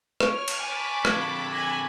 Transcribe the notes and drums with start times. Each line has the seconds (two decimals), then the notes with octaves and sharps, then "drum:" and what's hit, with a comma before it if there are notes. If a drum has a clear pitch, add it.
0.20 C#5 C#6 F6 D7, drum: rim click
0.48 drum: cymbal
0.60 G#5 A5 B5 D6
1.05 F2 D3 G#6, drum: rim click
1.52 G#5 D6 A#6 F#7